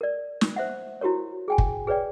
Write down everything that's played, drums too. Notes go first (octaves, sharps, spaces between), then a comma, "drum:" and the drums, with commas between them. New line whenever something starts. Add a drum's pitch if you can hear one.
A#4 D5
drum: snare
C5 E5 F#5
E4 F#4 G4 A#4 C#5
G#4 G5 G#5
drum: kick
G#4 B4 C#5 D5 G5